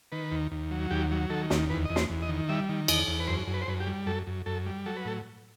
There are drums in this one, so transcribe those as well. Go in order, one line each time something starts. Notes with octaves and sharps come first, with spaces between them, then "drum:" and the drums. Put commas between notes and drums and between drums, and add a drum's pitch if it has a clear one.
D#3 B4
D#2
D#2
F#3
D#2 G4
F#3
D#3 A4
D#2, drum: snare
E2 B4
E2 D#5
C5, drum: snare
E2
D#5
D#3
G3 E5
D#3
E2 D#5, drum: cymbal
E2
B4
F#2 C5
F#2
B4
C5
F#2 B4
G4
G3
F#2 A4
F#2
F#2 A4
G3
F#3 A4
B4
A2 A4